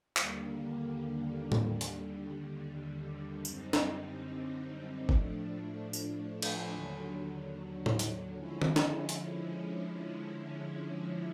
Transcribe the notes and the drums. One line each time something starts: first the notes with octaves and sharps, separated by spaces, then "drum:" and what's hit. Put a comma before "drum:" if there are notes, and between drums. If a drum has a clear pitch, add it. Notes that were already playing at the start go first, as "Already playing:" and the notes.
D#2 D3 G3 A#3, drum: clap
drum: tom A2
D#2 D3 G3, drum: hi-hat
F#2 D3 G3 C4 D#4, drum: tambourine
drum: snare
A2 F3 A3 D4, drum: kick
drum: tambourine
drum: cymbal
D#2 D3 F#3
drum: tom A2
drum: hi-hat
D3 F3 G#3 C#4 E4
drum: tom D#3
drum: snare
drum: hi-hat